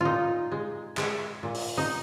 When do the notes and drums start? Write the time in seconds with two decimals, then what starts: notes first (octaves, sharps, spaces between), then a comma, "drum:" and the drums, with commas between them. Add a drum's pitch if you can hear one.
0.01 A#2 D#4 F4
0.52 G#3
0.97 G#3, drum: clap
1.43 A#2
1.54 drum: open hi-hat
1.77 D#4